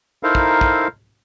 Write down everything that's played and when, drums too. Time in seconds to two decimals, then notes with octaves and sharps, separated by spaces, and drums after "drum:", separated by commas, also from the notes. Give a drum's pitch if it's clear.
0.23 D#4 E4 A4 A#4 C5 F5
0.35 drum: kick
0.61 drum: kick